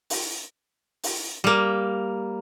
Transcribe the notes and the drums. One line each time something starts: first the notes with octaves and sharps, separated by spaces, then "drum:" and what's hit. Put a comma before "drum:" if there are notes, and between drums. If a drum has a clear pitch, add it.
drum: open hi-hat
drum: open hi-hat
G3 A#3